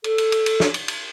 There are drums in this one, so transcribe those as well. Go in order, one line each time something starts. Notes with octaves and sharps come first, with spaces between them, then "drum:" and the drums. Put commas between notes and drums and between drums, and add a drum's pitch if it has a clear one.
A4, drum: cymbal
drum: cymbal
drum: cymbal
drum: cymbal
drum: snare
drum: cymbal
drum: cymbal